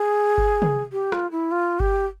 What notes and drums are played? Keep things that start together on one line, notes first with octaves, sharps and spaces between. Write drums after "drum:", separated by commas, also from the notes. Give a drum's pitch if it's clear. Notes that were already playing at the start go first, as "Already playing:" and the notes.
Already playing: G#4
drum: kick G1
drum: tom
G4
F4, drum: rim click
E4
F4
G4, drum: kick G1